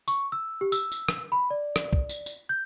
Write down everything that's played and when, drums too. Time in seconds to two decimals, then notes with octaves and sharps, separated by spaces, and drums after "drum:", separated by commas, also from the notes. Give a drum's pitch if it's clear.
0.08 C#6, drum: tambourine
0.32 E6
0.61 G4
0.72 E6, drum: tambourine
0.92 drum: tambourine
1.08 drum: rim click
1.32 B5
1.50 D5
1.76 drum: rim click
1.93 drum: kick
2.09 drum: tambourine
2.26 drum: tambourine
2.49 G6